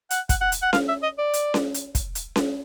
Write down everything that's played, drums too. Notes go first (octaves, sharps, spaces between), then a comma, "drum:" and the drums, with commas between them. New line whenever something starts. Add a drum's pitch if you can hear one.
F#5, drum: hi-hat
F#5, drum: kick, hi-hat
F#5
drum: hi-hat
F#5
F5, drum: snare C#4
E5
D#5
D5
drum: hi-hat
drum: snare C#4
drum: hi-hat
drum: kick, hi-hat
drum: hi-hat
drum: snare C#4